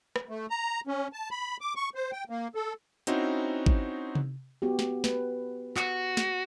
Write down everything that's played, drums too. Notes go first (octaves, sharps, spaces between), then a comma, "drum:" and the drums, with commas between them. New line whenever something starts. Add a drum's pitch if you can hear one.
drum: rim click
A3
A#5
C#4
A5
B5
D6
C#6
C5
G5
A#3
A4
C4 C#4 D#4 E4 F#4 C5, drum: hi-hat
drum: kick G#1
drum: tom C3
B3 F#4 G4
drum: snare
B4, drum: snare
F#4, drum: clap
drum: snare